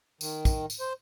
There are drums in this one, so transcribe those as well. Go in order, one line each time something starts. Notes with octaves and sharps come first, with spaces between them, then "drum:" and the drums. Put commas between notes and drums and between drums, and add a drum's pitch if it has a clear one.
D#3, drum: tambourine
drum: kick, tambourine
drum: tambourine
C5